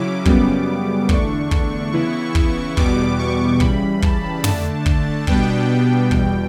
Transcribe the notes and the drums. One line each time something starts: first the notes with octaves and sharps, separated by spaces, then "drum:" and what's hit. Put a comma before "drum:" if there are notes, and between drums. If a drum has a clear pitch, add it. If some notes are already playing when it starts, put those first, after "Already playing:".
Already playing: C#3 F#3 C#4 E4 D6
F#2 C#3 G3 B3, drum: kick
E2 D3 A3 D4 C#6, drum: kick
drum: kick
C#3 E3 B3 E4
drum: kick
E2 B2 G3 B3 D6, drum: kick
C#6
C#3 E3 G3 B5, drum: kick
A5, drum: kick
D3 A3 D4 A5, drum: tom
drum: kick
B2 G3 B3 D4 G5, drum: kick
E2 B2 G3, drum: kick